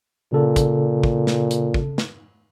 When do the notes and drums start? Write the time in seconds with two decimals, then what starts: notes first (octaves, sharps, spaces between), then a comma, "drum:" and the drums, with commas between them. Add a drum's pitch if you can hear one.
0.33 A#2 C#3 A4
0.56 drum: kick, hi-hat
1.03 drum: kick
1.27 drum: snare
1.51 drum: hi-hat
1.74 drum: kick
1.98 drum: snare